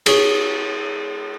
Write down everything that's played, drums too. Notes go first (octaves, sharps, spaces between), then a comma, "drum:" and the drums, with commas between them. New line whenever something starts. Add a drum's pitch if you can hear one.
G#4 C#5, drum: cymbal